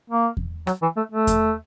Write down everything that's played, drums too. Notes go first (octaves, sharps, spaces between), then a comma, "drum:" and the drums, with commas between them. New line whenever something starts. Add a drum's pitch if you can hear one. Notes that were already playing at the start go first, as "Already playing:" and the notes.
A#3
drum: kick E2
F#3, drum: rim click
E3
A3
A3
drum: kick E2, hi-hat